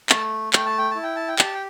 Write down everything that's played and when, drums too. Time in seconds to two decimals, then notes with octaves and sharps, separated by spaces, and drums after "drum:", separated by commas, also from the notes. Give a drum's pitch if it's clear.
0.09 A3 A5, drum: clap
0.53 A3 G5, drum: clap
0.65 A5
0.78 G5
0.91 E4 A5
1.03 G5
1.16 A5
1.28 G5
1.39 G4 A5, drum: clap
1.54 G5